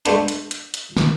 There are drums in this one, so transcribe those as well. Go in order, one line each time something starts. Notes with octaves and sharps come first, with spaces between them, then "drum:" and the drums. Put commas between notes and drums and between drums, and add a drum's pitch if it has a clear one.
G#3 A3 B3 D4, drum: hi-hat
drum: hi-hat
drum: hi-hat
drum: hi-hat
drum: snare